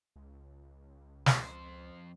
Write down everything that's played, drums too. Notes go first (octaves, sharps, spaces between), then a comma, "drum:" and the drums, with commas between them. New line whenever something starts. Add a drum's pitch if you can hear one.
C#2
drum: snare
F2 C5